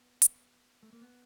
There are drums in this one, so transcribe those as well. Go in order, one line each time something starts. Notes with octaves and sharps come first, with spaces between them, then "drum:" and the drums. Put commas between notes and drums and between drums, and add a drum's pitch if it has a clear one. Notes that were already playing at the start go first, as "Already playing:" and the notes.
Already playing: B3
drum: hi-hat
A3
A#3
B3